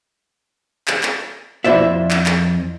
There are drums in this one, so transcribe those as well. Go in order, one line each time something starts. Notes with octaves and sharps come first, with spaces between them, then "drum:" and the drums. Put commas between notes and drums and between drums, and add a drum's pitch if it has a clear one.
drum: clap
drum: clap
F2 E4 C5 D5 E5
drum: clap
drum: clap